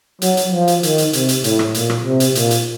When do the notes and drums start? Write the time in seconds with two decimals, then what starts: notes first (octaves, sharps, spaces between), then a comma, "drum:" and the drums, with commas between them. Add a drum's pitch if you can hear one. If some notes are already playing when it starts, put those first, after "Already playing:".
0.22 F#3, drum: hi-hat
0.37 drum: hi-hat
0.52 F3
0.68 drum: hi-hat
0.83 D#3, drum: hi-hat
0.98 drum: hi-hat
1.13 C3, drum: hi-hat
1.29 drum: hi-hat
1.44 A2, drum: hi-hat
1.59 drum: rim click
1.74 A#2, drum: hi-hat
1.90 drum: rim click
2.05 C3
2.20 drum: hi-hat
2.35 A#2, drum: hi-hat
2.51 drum: hi-hat